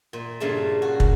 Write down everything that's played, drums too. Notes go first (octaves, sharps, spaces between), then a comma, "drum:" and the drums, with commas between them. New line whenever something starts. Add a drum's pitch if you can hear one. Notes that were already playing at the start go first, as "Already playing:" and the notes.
A#2
G2 A#2 C#3 A3 A5
F#4
drum: kick